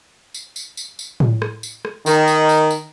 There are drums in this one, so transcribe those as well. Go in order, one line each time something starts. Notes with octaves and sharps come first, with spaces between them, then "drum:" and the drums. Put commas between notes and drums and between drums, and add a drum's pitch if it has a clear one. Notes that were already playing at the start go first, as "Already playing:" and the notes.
drum: tambourine
drum: tambourine
drum: tambourine
drum: tambourine
drum: tom A2
drum: rim click
drum: tambourine
drum: rim click
D#3, drum: tambourine
drum: tambourine
drum: tambourine
drum: tambourine